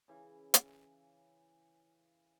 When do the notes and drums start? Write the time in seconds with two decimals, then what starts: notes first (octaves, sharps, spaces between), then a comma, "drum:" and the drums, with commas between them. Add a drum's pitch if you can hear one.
0.08 C#3 E3
0.54 drum: hi-hat